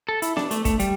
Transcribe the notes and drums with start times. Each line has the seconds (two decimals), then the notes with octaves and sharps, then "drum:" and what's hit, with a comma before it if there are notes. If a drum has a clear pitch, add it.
0.09 A4
0.22 E4, drum: hi-hat
0.37 D4, drum: snare B3
0.51 A3, drum: hi-hat
0.65 A3, drum: kick, hi-hat
0.80 G3, drum: hi-hat